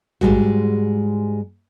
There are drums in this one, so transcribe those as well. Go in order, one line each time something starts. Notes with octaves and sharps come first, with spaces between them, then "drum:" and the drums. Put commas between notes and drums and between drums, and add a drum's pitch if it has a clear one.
G#2 G3 G#3 F#4, drum: tom A1